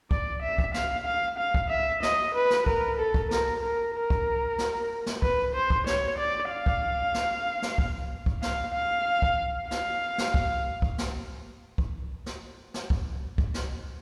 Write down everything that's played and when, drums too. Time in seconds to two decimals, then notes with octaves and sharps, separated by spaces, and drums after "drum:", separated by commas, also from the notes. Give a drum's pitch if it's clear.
0.11 D5, drum: kick
0.42 E5
0.58 drum: kick
0.74 F5, drum: snare
1.06 F5
1.38 F5
1.54 drum: kick
1.70 E5
2.03 D#5, drum: snare
2.35 B4
2.50 drum: snare
2.66 A#4, drum: kick
2.99 A4
3.14 drum: kick
3.31 A#4, drum: snare
3.63 A#4
3.95 A#4
4.10 drum: kick
4.58 drum: snare
5.06 drum: snare
5.22 B4, drum: kick
5.54 C5
5.70 drum: kick
5.87 C#5, drum: snare
6.18 D5
6.51 F5
6.66 drum: kick
7.14 drum: snare
7.62 drum: snare
7.78 drum: kick
8.26 drum: kick
8.42 F5, drum: snare
8.74 F5
9.22 drum: kick
9.71 F5, drum: snare
10.18 drum: snare
10.34 drum: kick
10.82 drum: kick
10.98 drum: snare
11.78 drum: kick
12.26 drum: snare
12.74 drum: snare
12.90 drum: kick
13.38 drum: kick
13.54 drum: snare